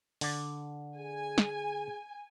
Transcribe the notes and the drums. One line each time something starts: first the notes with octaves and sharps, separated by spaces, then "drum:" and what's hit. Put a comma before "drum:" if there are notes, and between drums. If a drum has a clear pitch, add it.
D3 D5, drum: open hi-hat
G#4 G#5
drum: snare